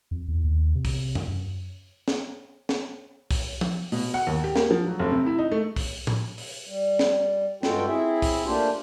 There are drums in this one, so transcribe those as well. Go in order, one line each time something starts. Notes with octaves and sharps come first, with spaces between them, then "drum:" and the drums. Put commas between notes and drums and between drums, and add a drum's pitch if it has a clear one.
F2
E2
D#2
C3
drum: kick, open hi-hat
drum: tom F2
F#2
drum: snare
drum: snare
drum: kick, open hi-hat
drum: tom F3
B2, drum: open hi-hat
F#5
D#2
G4
A#3, drum: snare
F3
F#3
F1
C3
E4
D#4
A3
drum: kick, open hi-hat
drum: tom A2
drum: open hi-hat
G3
drum: snare
G2 G#3 F4 F#4 A4 G5, drum: snare
C4 E4 G#4 E5
drum: kick, open hi-hat
A3 A#3 D4 F4 G4 C5